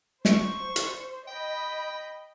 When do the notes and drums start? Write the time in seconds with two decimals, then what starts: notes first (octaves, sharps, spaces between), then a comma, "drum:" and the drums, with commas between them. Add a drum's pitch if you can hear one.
0.25 C5 C#6, drum: snare
0.76 drum: hi-hat
1.28 D#5 G5 B5